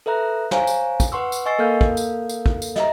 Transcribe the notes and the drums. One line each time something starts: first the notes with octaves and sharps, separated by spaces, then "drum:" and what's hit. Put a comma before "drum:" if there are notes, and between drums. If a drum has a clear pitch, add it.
A4 B4 E5 A#5 F#6
C5 C#5 F5 G#5 A#5, drum: snare
drum: tambourine
drum: kick, tambourine
B4 F#5 C6 C#6 E6
drum: tambourine
D#5 G#5 C#6 E6 A6 C7
A#3 A4 A#4 F5 F6 G6
drum: kick
drum: tambourine
drum: tambourine
drum: kick
drum: tambourine
D#5 E5 A#5, drum: snare